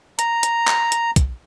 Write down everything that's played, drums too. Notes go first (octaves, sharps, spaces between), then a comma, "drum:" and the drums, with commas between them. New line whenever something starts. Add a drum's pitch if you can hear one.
A#5, drum: hi-hat
drum: hi-hat
drum: clap
drum: hi-hat
drum: kick, hi-hat